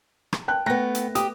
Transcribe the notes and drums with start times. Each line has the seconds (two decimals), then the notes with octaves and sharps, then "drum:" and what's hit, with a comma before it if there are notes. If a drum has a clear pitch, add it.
0.33 drum: rim click
0.48 G5 A5 F#6
0.66 A3 B3 G5 F#6 A#6
0.95 drum: hi-hat
1.15 G4 D#6, drum: hi-hat